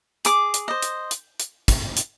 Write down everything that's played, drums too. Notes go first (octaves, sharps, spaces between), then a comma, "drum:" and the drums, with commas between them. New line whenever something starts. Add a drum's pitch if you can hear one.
G#4 D6, drum: hi-hat
drum: hi-hat
C5 D#5
drum: hi-hat
drum: hi-hat
drum: hi-hat
drum: kick, hi-hat
drum: hi-hat